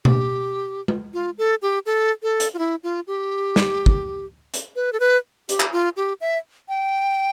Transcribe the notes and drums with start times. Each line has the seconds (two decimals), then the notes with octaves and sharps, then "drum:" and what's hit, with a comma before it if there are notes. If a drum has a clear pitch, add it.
0.05 G4, drum: tom B2
0.88 drum: tom G#3
1.14 F4
1.38 A4
1.62 G4
1.86 A4
2.23 A4
2.40 drum: hi-hat
2.54 F4
2.59 E4
2.83 F4
3.07 G4
3.56 drum: snare
3.86 drum: kick
4.54 drum: hi-hat
4.76 B4
4.93 A4
5.00 B4
5.49 G4, drum: hi-hat
5.60 drum: clap
5.72 F4
5.97 G4
6.21 E5
6.69 G5